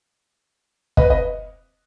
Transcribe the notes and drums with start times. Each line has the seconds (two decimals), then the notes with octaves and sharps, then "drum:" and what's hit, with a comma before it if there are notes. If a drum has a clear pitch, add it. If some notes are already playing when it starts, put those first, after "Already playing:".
0.97 B4 D#5, drum: kick
1.10 B4 D#5